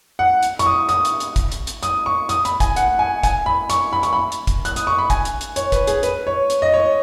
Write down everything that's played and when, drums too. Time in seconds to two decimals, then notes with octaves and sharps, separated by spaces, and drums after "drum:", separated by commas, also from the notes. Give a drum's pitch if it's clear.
0.19 F#5
0.43 drum: hi-hat
0.59 C#6, drum: hi-hat
0.66 D#6
0.89 D#6, drum: hi-hat
1.05 drum: hi-hat
1.20 drum: hi-hat
1.36 drum: kick, hi-hat
1.52 drum: hi-hat
1.67 drum: hi-hat
1.83 D#6, drum: hi-hat
2.06 C#6
2.29 D#6, drum: hi-hat
2.45 B5, drum: hi-hat
2.60 G#5, drum: kick, hi-hat
2.76 F#5, drum: hi-hat
2.99 G#5
3.23 G#5, drum: kick, hi-hat
3.46 B5
3.70 C#6, drum: hi-hat
3.93 B5
4.03 C#6, drum: hi-hat
4.13 B5
4.32 drum: hi-hat
4.47 drum: kick, hi-hat
4.65 F#6, drum: hi-hat
4.76 D#6, drum: hi-hat
4.87 C#6
4.98 B5
5.10 G#5, drum: kick, hi-hat
5.25 drum: hi-hat
5.41 drum: hi-hat
5.56 C#5, drum: hi-hat
5.72 B4, drum: kick, hi-hat
5.87 G#4, drum: hi-hat
6.03 B4, drum: hi-hat
6.27 C#5
6.50 drum: hi-hat
6.62 D#5
6.74 C#5